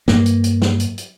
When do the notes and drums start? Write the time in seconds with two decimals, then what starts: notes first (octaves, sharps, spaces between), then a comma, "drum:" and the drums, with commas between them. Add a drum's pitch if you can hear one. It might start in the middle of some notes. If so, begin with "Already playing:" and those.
0.08 G2 A#3, drum: snare
0.26 drum: hi-hat
0.44 drum: hi-hat
0.62 drum: snare
0.80 drum: hi-hat
0.98 drum: hi-hat